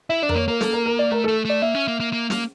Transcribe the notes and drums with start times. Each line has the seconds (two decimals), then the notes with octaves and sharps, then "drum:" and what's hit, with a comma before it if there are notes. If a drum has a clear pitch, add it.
0.09 E4 E5
0.22 D4 D5
0.29 A#4, drum: tom F2
0.35 A#3 C#5
0.48 A#3 A#4
0.61 A4, drum: snare
0.73 A#4
0.86 A#4
0.99 D5
1.11 A3 A#4
1.24 A4
1.28 A3
1.45 A3 D5
1.62 A#3 E5
1.75 C#4
1.88 A#3
2.00 A#3
2.13 A#3
2.30 A#3, drum: snare